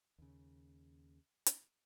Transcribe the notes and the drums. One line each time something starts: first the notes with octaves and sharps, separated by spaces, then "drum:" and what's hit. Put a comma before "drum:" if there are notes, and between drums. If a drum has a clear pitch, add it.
D#2 C#3
drum: hi-hat